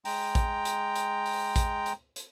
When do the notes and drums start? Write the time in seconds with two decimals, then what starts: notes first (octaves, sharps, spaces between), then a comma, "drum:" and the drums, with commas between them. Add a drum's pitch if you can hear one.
0.05 G#3 G5 A#5, drum: open hi-hat
0.35 drum: kick A1, hi-hat
0.65 drum: hi-hat
0.95 drum: hi-hat
1.26 drum: open hi-hat
1.56 drum: kick A1, hi-hat
1.86 drum: hi-hat
2.16 drum: hi-hat